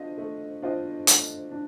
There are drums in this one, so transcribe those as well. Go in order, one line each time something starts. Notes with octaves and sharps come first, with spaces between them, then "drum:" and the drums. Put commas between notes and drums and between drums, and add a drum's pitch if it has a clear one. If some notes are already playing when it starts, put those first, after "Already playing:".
Already playing: A3 D4 F4 C5 D#5
A3
D4 F4 C5 D#5
A3, drum: hi-hat
D4